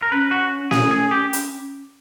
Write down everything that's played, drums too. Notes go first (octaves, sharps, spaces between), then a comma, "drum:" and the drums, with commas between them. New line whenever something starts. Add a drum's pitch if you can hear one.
A#4
C#4 B4
F#4
G#4, drum: snare
G#4
G4
drum: hi-hat